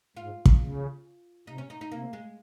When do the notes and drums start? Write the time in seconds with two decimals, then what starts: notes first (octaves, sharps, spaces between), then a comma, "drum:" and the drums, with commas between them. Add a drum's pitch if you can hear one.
0.16 G#2 F4
0.45 drum: kick
0.60 C#3
1.47 C3 D#4
1.58 C#4
1.70 D#4
1.81 D#4
1.91 C3 A#3
2.13 G#3